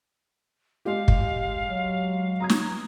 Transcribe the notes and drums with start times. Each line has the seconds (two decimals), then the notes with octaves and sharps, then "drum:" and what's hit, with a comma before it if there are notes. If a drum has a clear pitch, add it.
0.85 G#3 G4 F5
1.08 drum: kick
1.68 F#3
2.40 A#5 D#6 G#6
2.49 drum: snare